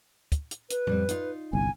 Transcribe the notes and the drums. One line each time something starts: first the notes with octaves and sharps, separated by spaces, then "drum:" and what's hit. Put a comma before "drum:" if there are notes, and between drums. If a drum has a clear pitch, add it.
drum: kick, hi-hat
drum: hi-hat
B4, drum: hi-hat
F2 G3 C4, drum: tom A2
D#4 F4, drum: hi-hat
G1 C2 G#5